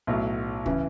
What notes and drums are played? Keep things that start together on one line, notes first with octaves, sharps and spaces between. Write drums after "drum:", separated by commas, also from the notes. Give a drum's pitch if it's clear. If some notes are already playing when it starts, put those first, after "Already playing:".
B1 A2 F#3
C#3 E3, drum: kick